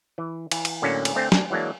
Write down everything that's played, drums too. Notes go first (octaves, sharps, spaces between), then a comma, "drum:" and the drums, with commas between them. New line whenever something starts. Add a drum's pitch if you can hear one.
E3
E3, drum: cymbal
drum: cymbal
A2 D3 F#3 A#3 C#4
drum: cymbal
D3 A3 C4 G5
D4, drum: snare
E3 F#3 G#3 A#3 D4